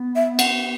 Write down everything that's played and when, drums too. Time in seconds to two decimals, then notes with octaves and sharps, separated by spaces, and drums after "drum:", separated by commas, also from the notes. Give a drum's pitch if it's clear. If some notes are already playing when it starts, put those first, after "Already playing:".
Already playing: B3
0.16 E5
0.39 F#5, drum: cymbal